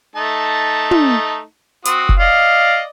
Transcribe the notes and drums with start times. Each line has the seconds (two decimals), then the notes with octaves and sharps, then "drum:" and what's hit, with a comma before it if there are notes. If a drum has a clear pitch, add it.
0.16 A3 D#4 A5
0.91 drum: tom
1.85 C4 F#4 D#6, drum: hi-hat
2.09 drum: kick F1
2.20 D5 D#5 F5